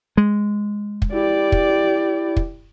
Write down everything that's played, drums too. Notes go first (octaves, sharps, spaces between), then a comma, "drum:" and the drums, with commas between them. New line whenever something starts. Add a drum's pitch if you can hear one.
G#3
drum: kick
E4 G4 D5
drum: kick
drum: kick